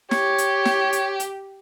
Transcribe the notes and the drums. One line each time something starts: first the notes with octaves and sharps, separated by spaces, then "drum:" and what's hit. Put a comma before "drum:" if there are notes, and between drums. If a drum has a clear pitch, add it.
G4 C#5, drum: snare
drum: hi-hat
drum: snare
drum: hi-hat
drum: hi-hat